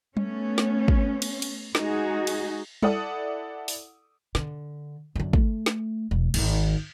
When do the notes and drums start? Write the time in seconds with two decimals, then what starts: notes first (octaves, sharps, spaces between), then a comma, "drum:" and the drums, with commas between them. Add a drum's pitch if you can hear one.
0.17 A3 B3 C#4, drum: tom G3
0.58 drum: snare
0.88 drum: kick
1.22 drum: cymbal
1.42 drum: cymbal
1.75 G#3 D#4 F#4 G#4, drum: snare
2.27 drum: cymbal
2.82 E4 A4 D5 F#5 D#6, drum: tom G3
3.68 drum: open hi-hat
4.35 D3, drum: snare
5.15 F#2 D3
5.33 A3, drum: kick
5.66 drum: snare
6.11 E1
6.34 G#1 D#3, drum: cymbal